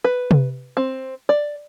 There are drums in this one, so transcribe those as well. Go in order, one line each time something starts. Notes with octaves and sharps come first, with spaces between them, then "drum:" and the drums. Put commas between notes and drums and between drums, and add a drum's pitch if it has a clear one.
B4
drum: tom C3
C4
D5